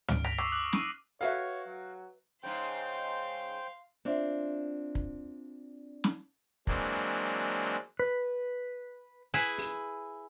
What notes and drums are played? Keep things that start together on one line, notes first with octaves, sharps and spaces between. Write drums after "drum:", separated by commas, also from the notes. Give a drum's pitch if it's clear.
F6 D7, drum: tom
A#6 B6 D7 F7, drum: rim click
C#6 D6 E6 C7, drum: rim click
D6 D#6 F#6 F#7
C#6 E6 C7 D7 D#7, drum: snare
F#4 A4 B4 C#5 E5 F5
F#3
G#2 C#3 C5 F5 G5 C6
C4 D4 F4 E5
drum: kick
drum: snare
E3 F#3 G#3 A#3 C4 D4, drum: kick
B4
E4 G#4 B4
drum: open hi-hat